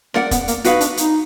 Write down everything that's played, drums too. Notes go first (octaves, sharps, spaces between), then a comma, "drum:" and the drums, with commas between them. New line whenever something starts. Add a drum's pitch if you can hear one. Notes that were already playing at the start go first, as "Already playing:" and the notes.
A#3 A#4 D5 F#5, drum: snare C#4
B3, drum: kick, hi-hat
A#3, drum: hi-hat
B3 D#4 F#4 B4 F5, drum: hi-hat
D4, drum: hi-hat
D#4, drum: hi-hat